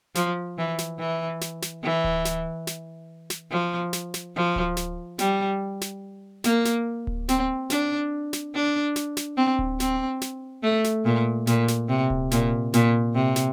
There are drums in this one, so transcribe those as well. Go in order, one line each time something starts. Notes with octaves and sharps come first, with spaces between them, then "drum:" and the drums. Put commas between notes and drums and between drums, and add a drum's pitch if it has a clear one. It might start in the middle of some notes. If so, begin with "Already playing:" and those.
F3, drum: snare
E3
drum: snare
E3
drum: snare
drum: snare
E3
drum: kick D1
drum: snare
drum: snare
drum: snare
F3
drum: snare
drum: snare
F3
drum: kick D1
drum: snare
G3, drum: snare
drum: snare
A#3, drum: snare
drum: snare
drum: kick D1
C4, drum: snare
D4, drum: snare
drum: snare
D4
drum: snare
drum: snare
C4
drum: kick D1
C4, drum: snare
drum: snare
A3
drum: snare
A#2
A#2, drum: snare
drum: snare
C3
drum: kick D1
A#2, drum: snare
A#2, drum: snare
C3
drum: snare